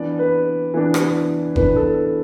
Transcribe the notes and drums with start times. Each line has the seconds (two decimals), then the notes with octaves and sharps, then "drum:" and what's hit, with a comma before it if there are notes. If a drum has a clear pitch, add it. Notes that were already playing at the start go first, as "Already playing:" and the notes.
Already playing: E3 B3 D4 D5
0.19 B4
0.74 E3 B3 D4
0.94 drum: rim click
1.56 E3 B3 D4 B4, drum: kick F#1
1.76 A4